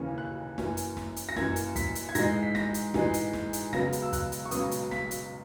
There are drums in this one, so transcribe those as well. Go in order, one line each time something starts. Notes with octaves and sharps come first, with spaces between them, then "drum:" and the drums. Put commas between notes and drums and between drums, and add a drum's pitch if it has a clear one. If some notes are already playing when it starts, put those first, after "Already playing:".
Already playing: D#2 C#3 E3 A#3 C#4
F#6
F#2 E3 A#3 C#4, drum: snare
drum: hi-hat
drum: snare
drum: hi-hat
A#6
F#2 E3 A#3 C#4 G#6, drum: snare
drum: hi-hat
B6, drum: kick, hi-hat
drum: hi-hat
G#6
G#2 E3 G#3 A#6, drum: hi-hat
B6
A#6, drum: snare
drum: hi-hat
G#2 E3 G#3, drum: snare
drum: hi-hat
drum: snare
drum: hi-hat
C#2 C#3 F#3 B3 A#6, drum: snare
drum: hi-hat
E6
F#6, drum: kick, hi-hat
drum: hi-hat
C#6
C#2 C#3 F#3 B3 D#6, drum: hi-hat
drum: hi-hat
B6, drum: snare
drum: hi-hat